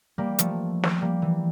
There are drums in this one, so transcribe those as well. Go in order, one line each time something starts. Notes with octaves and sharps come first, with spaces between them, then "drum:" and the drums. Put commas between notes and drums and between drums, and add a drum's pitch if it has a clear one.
G3 A#3
F3 A3, drum: hi-hat
drum: snare
G3 A#3
E3